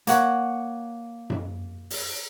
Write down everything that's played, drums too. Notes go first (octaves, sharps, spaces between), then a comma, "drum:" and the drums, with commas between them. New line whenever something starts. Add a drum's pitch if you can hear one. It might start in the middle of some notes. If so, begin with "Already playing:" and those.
A#3 C#5 F#5, drum: hi-hat
drum: tom F#2
drum: open hi-hat